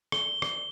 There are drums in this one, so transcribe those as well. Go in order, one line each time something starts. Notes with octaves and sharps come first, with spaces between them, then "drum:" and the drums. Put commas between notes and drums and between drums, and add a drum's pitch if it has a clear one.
G7, drum: rim click
drum: rim click